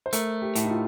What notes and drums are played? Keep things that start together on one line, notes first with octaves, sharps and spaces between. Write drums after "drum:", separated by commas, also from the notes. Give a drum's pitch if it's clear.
C5
A3 A#4, drum: hi-hat
G4
A2, drum: hi-hat
D#4
F4